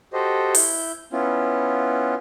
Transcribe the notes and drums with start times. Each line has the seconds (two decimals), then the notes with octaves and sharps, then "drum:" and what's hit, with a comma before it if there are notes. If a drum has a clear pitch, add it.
0.13 F#4 G4 A4 C5 D#5
0.55 E4 G6, drum: open hi-hat
1.13 B3 C#4 E4 F4